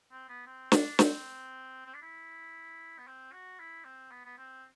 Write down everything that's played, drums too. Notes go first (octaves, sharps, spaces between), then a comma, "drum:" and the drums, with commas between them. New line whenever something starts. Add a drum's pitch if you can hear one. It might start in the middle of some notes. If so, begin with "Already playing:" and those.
C4
B3
C4
D4, drum: snare
C4, drum: snare
C4
D4
E4
B3
C4
F#4
E4
C4
B3
B3
C4